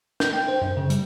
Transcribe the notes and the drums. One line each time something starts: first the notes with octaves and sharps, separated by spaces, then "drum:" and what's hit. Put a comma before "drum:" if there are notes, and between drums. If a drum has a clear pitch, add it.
G6, drum: snare
G5
C5
F#2
C#3
G3, drum: hi-hat